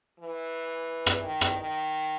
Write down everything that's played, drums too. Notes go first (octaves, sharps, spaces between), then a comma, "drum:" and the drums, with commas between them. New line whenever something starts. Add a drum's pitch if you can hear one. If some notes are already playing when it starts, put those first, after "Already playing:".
E3
drum: rim click
D#3
drum: rim click
D#3